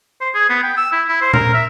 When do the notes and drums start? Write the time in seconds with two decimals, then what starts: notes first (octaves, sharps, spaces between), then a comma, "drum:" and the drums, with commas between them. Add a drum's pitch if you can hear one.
0.21 C5
0.35 G#4
0.50 B3
0.63 G5
0.77 E6
0.92 E4
1.09 E4
1.21 C5
1.34 A#4, drum: tom A#2
1.54 E5